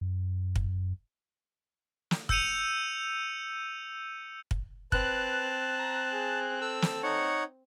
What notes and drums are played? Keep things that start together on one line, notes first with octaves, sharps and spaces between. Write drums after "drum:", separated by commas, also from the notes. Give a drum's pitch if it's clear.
F#2
drum: kick
drum: snare
E6 G6 C#7 D#7 F7, drum: kick
drum: kick
C4 B4 A5 F#6, drum: kick
A#5
G#4
A4 E6
drum: snare
D#4 C#5 F#5